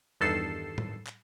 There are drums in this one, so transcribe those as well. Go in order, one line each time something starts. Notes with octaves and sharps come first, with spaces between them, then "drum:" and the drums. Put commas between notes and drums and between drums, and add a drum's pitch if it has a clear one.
E2 G2 D#3 A4 C7 E7
drum: tom A2
drum: clap